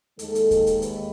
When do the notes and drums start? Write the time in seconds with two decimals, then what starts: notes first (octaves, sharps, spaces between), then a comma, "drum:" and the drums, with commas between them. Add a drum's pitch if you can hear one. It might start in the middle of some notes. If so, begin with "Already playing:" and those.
0.19 D#2 D#3 G#3 A4, drum: hi-hat
0.35 drum: hi-hat
0.51 drum: kick D#2, hi-hat
0.67 drum: hi-hat
0.82 B4, drum: hi-hat